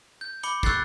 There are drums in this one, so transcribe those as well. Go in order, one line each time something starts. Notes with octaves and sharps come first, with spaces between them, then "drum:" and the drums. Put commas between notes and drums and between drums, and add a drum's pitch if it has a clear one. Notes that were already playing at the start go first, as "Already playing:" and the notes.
G6
B5 D6 C#7 G7, drum: hi-hat
C#6 E6 F#6 G6 A6 C7, drum: kick